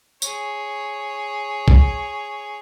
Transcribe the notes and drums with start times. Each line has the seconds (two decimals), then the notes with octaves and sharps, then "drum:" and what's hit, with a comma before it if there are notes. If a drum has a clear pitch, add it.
0.22 G#4 C#5, drum: tambourine
1.68 drum: kick B1